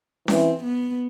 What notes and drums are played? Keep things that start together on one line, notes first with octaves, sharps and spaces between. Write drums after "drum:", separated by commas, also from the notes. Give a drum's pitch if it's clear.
E3 C4, drum: snare C#4
B3